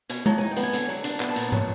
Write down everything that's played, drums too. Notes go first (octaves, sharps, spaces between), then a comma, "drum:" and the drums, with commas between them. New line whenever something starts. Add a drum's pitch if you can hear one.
B2 G#5, drum: hi-hat
F#3 A5, drum: tom G#3
D#4 G#5
G5
B3, drum: hi-hat
G#5
D3, drum: hi-hat
F#3
D4, drum: hi-hat
A5
B3 G#5, drum: clap
A5
A#2, drum: hi-hat
F#3, drum: tom